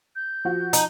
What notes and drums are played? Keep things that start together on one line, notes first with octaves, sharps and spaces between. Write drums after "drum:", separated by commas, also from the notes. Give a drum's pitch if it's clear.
G6
F3 F#4
D#4, drum: hi-hat